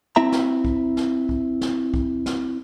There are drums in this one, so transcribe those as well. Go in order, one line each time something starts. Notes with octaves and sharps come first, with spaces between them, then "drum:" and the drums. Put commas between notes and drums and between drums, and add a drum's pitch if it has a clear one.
C4 E4 E5 A#5
drum: snare
drum: kick C2
drum: snare
drum: kick C2
drum: snare
drum: kick C2
drum: snare